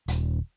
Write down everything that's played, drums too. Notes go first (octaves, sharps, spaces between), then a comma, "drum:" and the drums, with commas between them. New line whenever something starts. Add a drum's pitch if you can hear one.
D#1, drum: hi-hat